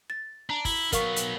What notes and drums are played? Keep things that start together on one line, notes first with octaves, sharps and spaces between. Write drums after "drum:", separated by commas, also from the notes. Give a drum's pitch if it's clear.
A6
D4 A#5
E4, drum: kick, open hi-hat
F#3 B3 A#4 F5 C#6, drum: kick, hi-hat
drum: hi-hat